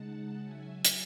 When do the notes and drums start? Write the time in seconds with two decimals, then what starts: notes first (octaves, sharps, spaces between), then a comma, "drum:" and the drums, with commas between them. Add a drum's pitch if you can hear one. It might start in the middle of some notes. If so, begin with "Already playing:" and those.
Already playing: C#3 G#3 D#4 F#5 A5
0.41 C#3 F#3 C#4 E5 G#5
0.85 drum: hi-hat